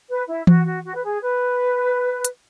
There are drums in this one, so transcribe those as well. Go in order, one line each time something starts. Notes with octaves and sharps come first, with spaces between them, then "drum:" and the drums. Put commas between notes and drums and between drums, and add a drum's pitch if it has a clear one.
B4
E4
F#4, drum: tom E3
F#4
F#4
B4
G#4
B4
drum: hi-hat